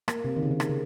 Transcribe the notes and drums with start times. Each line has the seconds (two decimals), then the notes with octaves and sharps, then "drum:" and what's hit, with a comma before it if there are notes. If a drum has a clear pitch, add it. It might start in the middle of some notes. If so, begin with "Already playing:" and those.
0.08 A#3, drum: rim click
0.24 C3
0.37 D#3
0.43 C#3
0.51 D#3
0.60 drum: rim click
0.69 C#3